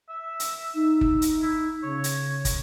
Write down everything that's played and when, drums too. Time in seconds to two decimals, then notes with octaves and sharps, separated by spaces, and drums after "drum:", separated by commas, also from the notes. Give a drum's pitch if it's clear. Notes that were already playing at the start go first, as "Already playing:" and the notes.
0.09 E5
0.40 drum: hi-hat
0.75 D#4
1.01 drum: kick
1.22 drum: hi-hat
1.42 E4
1.83 C#3 C#5
2.04 drum: hi-hat
2.45 drum: kick, hi-hat